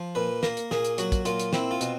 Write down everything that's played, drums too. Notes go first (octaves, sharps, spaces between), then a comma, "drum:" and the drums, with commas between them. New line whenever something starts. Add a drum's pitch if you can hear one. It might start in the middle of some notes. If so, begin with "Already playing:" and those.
Already playing: F3
A#2 B4
A#3 A#4, drum: snare
drum: hi-hat
A#2 G#4, drum: snare
drum: hi-hat
F#3 F#4, drum: hi-hat
drum: kick, hi-hat
A#2 F4, drum: hi-hat
drum: hi-hat
C4 E4, drum: snare
F4
B2, drum: hi-hat